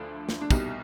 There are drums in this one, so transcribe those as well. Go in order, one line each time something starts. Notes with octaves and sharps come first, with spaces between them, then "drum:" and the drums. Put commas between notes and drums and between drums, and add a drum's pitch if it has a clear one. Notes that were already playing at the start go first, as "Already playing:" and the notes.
Already playing: D2 D3 F3 A3 D4
drum: snare
D4
C2 B2 G3 D#4, drum: kick, tambourine